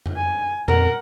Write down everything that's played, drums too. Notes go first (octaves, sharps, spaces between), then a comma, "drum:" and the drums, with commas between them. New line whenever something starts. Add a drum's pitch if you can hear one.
drum: tom F2
G#5
F2 A#4 F#5, drum: tom A#2